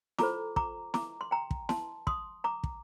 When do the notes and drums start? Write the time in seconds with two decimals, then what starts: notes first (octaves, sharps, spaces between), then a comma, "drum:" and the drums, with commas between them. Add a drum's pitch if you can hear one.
0.19 F4 A4 C5 A#5 D6, drum: snare E4
0.56 A#5 D6, drum: kick
0.94 A#5 D6, drum: snare E4
1.21 C6
1.31 G5 A#5
1.51 drum: kick
1.69 A5 C6, drum: snare E4
2.07 C6 D#6, drum: kick
2.44 A#5 D6
2.64 drum: kick